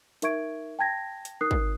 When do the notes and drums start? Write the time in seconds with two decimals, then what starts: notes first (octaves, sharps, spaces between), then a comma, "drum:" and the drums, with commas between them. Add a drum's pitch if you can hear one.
0.22 D#4 A#4 E5 C#6 G#6 D7, drum: hi-hat
0.79 G5 A5 G#6 A#6
1.25 drum: hi-hat
1.41 D#4 A#4 D#6 F#6 C7
1.51 drum: kick